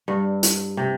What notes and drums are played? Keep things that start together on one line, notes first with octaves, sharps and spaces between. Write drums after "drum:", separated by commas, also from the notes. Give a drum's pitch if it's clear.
G2
drum: hi-hat
C3